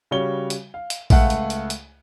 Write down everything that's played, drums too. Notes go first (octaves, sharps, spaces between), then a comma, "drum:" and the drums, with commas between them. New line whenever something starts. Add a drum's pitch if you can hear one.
C#3 G3 F#4 C#5 G7
drum: hi-hat
F5
drum: hi-hat
C#2 A3 F5 F#5, drum: kick A#1, open hi-hat
drum: hi-hat
drum: hi-hat
drum: hi-hat